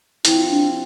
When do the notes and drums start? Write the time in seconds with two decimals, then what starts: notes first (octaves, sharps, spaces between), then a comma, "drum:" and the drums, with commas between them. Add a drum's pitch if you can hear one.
0.25 C3 F3 C4 E4, drum: hi-hat
0.50 D4